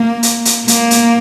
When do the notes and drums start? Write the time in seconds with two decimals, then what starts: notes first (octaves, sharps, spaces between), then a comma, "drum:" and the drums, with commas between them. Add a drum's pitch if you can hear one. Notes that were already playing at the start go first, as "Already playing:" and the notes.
Already playing: A#3
0.23 drum: hi-hat
0.45 drum: hi-hat
0.68 A#3, drum: hi-hat
0.91 drum: hi-hat